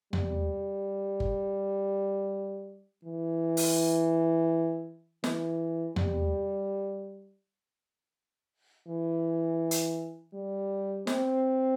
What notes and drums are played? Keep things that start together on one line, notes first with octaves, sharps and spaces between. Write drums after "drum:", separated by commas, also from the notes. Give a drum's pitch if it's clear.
G3, drum: tom E2
drum: kick G1
E3
drum: open hi-hat
E3, drum: snare
G3, drum: tom E2
E3
drum: hi-hat
G3
C4, drum: snare